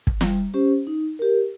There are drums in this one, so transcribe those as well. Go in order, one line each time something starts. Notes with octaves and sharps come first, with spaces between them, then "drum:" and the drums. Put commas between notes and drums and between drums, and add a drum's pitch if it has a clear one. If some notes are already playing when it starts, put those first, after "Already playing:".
drum: kick
G3, drum: snare
C#4 G4 C5
D#4
G4 A#4